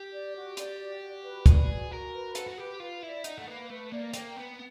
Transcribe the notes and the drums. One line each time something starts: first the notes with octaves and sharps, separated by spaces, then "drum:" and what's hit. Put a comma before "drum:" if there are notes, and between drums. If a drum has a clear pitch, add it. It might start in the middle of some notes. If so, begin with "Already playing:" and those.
Already playing: G4
D5
F#4
D5, drum: hi-hat
F#4
F#4
B4
G#4 D5, drum: kick, hi-hat
F#4
F#4 A#4
B4
A4 F#5, drum: hi-hat
F#4
G4 B4
F4 B4
E4 D5
D#4 F#5, drum: hi-hat
A3
A#3 B4
A3 B4
A#3 D5
A#3 G5, drum: hi-hat
B3 B4